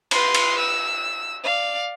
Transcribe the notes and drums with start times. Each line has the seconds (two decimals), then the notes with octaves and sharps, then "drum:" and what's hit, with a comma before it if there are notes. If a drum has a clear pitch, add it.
0.11 B4 C6, drum: cymbal
0.35 drum: cymbal
0.58 E6
1.43 D5 F5